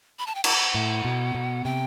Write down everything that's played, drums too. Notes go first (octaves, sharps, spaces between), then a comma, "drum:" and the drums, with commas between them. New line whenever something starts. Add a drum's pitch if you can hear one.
B5
A5
G5
F#5, drum: cymbal
A2
B2
B2
C3 G5